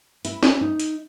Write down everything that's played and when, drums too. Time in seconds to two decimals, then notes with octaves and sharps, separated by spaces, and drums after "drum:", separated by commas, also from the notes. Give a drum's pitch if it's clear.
0.25 E4, drum: hi-hat
0.43 drum: snare
0.61 D#4
0.80 drum: hi-hat